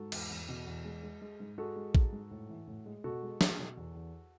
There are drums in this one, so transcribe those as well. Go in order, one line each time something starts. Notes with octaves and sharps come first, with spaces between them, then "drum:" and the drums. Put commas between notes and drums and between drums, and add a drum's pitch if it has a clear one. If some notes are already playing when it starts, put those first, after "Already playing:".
Already playing: G#2 F#4 A4
E2, drum: cymbal
E2
B2
E2
G#3
G#3
G#3
G#2
G#3 F#4 A4
G#3
G#2, drum: kick A#1
G#2
A2
E3
A2
G#3
B2 F#4 A4
G#3
G#3, drum: snare
B2
E2
E2